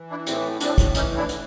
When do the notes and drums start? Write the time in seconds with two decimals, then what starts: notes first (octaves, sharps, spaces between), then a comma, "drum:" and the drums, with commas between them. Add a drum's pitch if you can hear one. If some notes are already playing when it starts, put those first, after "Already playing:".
Already playing: E3
0.10 D4 E4
0.26 A2 C4, drum: hi-hat
0.60 A2 C4 D4, drum: hi-hat
0.78 drum: kick, hi-hat
0.95 E3 C#4 D#4, drum: hi-hat
1.17 D4 E4
1.29 E3, drum: hi-hat